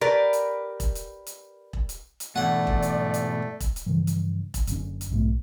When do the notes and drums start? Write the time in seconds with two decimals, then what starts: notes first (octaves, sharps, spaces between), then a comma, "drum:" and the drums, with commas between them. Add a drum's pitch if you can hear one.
0.01 G4 A#4 B4 D5
0.33 drum: hi-hat
0.80 drum: kick E1, hi-hat
0.95 drum: hi-hat
1.27 drum: hi-hat
1.73 drum: kick E1
1.89 drum: hi-hat
2.20 drum: hi-hat
2.36 G#2 B2 E3 A3 D5 F#5
2.67 drum: kick E1
2.82 drum: hi-hat
3.14 drum: hi-hat
3.60 drum: kick E1, hi-hat
3.76 drum: hi-hat
3.86 G2 C#3 E3 F3
4.07 drum: hi-hat
4.54 drum: kick E1, hi-hat
4.67 F#1 D3 C#4, drum: hi-hat
5.01 drum: hi-hat
5.11 B1 G#2 G3 A3